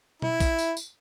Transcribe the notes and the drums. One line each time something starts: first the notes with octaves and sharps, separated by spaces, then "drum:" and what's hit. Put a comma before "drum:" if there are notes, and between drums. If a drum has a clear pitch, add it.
E4, drum: tom B2
drum: kick, tambourine
drum: tambourine
drum: tambourine